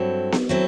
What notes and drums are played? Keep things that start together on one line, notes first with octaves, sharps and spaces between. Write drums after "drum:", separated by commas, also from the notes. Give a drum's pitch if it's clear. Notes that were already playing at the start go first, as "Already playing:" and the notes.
Already playing: G2 F#3 C4 E4 A4
drum: snare B3
F#3 C4 E4 A4